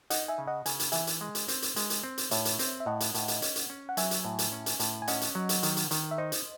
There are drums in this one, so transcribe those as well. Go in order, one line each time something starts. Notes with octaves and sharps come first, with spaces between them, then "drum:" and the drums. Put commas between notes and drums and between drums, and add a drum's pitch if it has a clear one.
D#4 D#5 F#5, drum: hi-hat
E5 G#5
C#3
D#5 F#5
C#3 G#5, drum: hi-hat
drum: hi-hat
E3 E5 G#5, drum: hi-hat
drum: hi-hat
G#3
drum: hi-hat
C4, drum: hi-hat
drum: hi-hat
G#3, drum: hi-hat
drum: hi-hat
C4
drum: hi-hat
A2 C#5 E5, drum: hi-hat
drum: hi-hat
C4, drum: hi-hat
E5
A2 D#5 F#5
drum: hi-hat
A2, drum: hi-hat
drum: hi-hat
C#4, drum: hi-hat
drum: hi-hat
C#4
F#5
F#3 E5 G#5, drum: hi-hat
drum: hi-hat
A2
drum: hi-hat
C#4
drum: hi-hat
A2, drum: hi-hat
G#5
C#4 D#5 F#5, drum: hi-hat
drum: hi-hat
F#3
drum: hi-hat
D#3, drum: hi-hat
drum: hi-hat
D#3, drum: hi-hat
E5
D#4 C5 D#5
drum: hi-hat